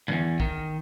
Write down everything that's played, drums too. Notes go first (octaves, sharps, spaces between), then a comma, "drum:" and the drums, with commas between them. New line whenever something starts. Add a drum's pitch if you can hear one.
E2 G2, drum: tom
D#3, drum: kick